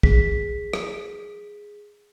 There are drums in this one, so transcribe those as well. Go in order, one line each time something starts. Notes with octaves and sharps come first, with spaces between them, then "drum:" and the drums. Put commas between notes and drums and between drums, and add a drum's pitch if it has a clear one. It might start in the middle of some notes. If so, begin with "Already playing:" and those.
G#4 B6, drum: kick
drum: rim click